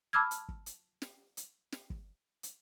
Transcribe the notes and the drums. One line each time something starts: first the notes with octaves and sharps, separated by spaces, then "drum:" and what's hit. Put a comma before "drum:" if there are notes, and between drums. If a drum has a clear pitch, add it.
A5 B5 D6 E6 F6 G#6
drum: hi-hat
drum: kick
drum: hi-hat
drum: snare
drum: hi-hat
drum: snare
drum: kick
drum: hi-hat